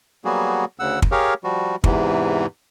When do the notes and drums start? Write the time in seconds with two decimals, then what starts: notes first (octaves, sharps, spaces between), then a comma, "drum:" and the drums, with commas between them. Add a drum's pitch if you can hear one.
0.25 F#3 G3 A#3 B3 F#4 G#4
0.79 D2 C#3 F#5 E6
1.02 drum: kick
1.12 G4 G#4 A#4 C#5 F5
1.44 F3 G3 F#4
1.84 E2 G#2 C3 E3, drum: kick